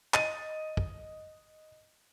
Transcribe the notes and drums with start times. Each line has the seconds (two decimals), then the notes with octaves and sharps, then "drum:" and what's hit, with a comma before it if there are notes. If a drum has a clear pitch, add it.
0.14 D#5 A6 D#7, drum: clap
0.77 drum: kick